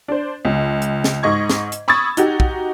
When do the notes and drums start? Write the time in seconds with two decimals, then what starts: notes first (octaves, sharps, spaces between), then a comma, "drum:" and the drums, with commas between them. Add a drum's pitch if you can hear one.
0.08 D4 C5
0.45 C#2
0.82 drum: hi-hat
1.04 drum: snare
1.23 G#2 D#5 C#6 G#6
1.50 drum: snare
1.72 drum: hi-hat
1.88 B5 C#6 D#6 E6 G#6 A6
2.17 D#4 F#4 G4, drum: hi-hat
2.40 drum: kick